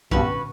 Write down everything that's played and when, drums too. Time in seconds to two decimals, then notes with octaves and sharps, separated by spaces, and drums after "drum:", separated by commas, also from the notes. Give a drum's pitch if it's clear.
0.11 G2 B2 C#4 F#4 B4, drum: kick A#1